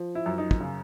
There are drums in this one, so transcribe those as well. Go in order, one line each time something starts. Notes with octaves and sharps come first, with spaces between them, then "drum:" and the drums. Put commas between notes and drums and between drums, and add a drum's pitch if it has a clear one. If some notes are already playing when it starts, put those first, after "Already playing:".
Already playing: F3
E4
F#2
D#4
drum: kick
C#3